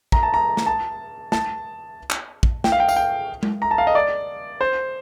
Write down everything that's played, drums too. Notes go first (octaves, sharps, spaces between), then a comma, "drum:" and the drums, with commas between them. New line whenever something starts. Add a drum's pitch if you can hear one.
A#5, drum: kick
A5
A#5
drum: snare
A5
A5, drum: snare
drum: clap
drum: kick
G5, drum: snare
F5
G5
F5, drum: tambourine
G5
drum: tom G#3
A#5
A5
F5
D#5
D5
C5